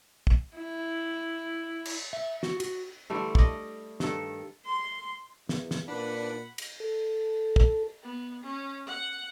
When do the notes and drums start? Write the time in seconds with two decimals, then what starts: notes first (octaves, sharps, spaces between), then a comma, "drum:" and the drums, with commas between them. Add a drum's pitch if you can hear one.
0.27 drum: kick
0.57 E4
1.85 drum: cymbal
2.13 E5
2.43 F#4, drum: snare
2.60 F#4, drum: cymbal
3.10 D3 E3 G3 A3
3.35 D5 D#5, drum: kick
4.00 G2 D#3 A4, drum: snare
4.65 C6
5.49 E2, drum: snare
5.71 drum: snare
5.88 A#2 D4 B4 F#5 B5
6.58 drum: cymbal
6.80 A4
7.56 drum: kick
8.02 B3
8.43 C#4
8.86 F#5